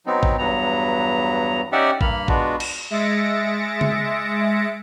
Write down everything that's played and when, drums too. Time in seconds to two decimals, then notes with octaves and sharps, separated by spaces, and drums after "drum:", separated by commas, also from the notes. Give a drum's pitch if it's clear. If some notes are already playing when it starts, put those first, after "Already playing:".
0.06 F#3 B3 C4 D#4
0.23 drum: kick A1
0.39 E2 G2 F#3 B3 A#5
1.72 C#4 D#4 G4 D5 E5 F#5
2.01 G2 A#3 B5 F6, drum: kick A1
2.28 G#3 B3 D4 F4 F#4, drum: kick A1
2.60 drum: cymbal
2.90 G#3 E5 A6 A#6 C#7 D7
3.81 drum: tom C#3